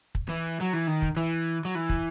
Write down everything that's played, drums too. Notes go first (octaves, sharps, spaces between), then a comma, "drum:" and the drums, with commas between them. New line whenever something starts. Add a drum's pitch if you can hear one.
drum: kick
E3
F#3
E3
D#3
drum: kick
E3
F#3
E3
drum: kick